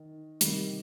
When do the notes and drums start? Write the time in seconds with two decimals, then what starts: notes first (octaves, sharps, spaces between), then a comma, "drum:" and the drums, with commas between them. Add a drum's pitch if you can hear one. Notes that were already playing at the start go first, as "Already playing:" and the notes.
Already playing: D#3
0.41 C3 D#3 G3, drum: hi-hat